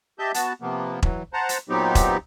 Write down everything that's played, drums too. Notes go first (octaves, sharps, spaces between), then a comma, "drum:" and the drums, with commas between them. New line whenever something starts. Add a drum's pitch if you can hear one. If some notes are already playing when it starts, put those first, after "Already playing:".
G4 D#5 E5 A5 G6
B3 F#4 A5, drum: hi-hat
C3 F3 A#3 B3
E3 F#3, drum: kick E1
C5 F#5 A5 A#5
drum: hi-hat
A#2 F#3 B3 C4 D#4 G4
drum: kick E1, hi-hat